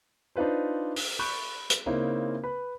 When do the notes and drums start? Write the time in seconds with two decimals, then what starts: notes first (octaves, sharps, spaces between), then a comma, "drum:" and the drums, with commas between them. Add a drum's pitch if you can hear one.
0.36 D4 D#4 F4 B4 C5
0.96 drum: open hi-hat
1.19 B5 C#6 F#6 G6
1.70 drum: hi-hat
1.86 C#3 A#3 C4 C#4 D#4 E4
2.44 B4 B5